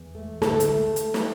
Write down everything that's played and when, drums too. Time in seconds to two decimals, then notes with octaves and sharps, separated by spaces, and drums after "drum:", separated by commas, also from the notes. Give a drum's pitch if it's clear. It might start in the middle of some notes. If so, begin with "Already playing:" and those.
Already playing: E2
0.15 A3
0.42 D2 A4, drum: snare
0.60 drum: hi-hat
0.69 A3
0.96 drum: hi-hat
1.14 drum: snare